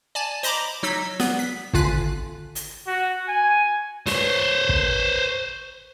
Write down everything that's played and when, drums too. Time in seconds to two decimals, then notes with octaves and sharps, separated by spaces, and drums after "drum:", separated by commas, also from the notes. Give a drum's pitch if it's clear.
0.15 D5 G#5 A5
0.43 C5 D#5 A#5 B5 D6, drum: hi-hat
0.83 F#3 D#4 E6 G#6 B6
1.20 B3, drum: snare
1.39 B6
1.73 G#1 D3 F4 G#5 F#6 B6, drum: kick
2.55 drum: hi-hat
2.87 F#4
3.28 G#5
4.07 C5 C#5, drum: snare
4.69 drum: kick